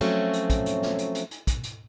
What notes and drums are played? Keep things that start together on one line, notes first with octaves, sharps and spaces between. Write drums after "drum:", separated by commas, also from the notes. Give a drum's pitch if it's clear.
F3 F#3 A3 C4 C#4
drum: hi-hat
drum: kick, hi-hat
drum: hi-hat
drum: snare
drum: hi-hat
drum: hi-hat
drum: hi-hat
drum: kick, hi-hat
drum: hi-hat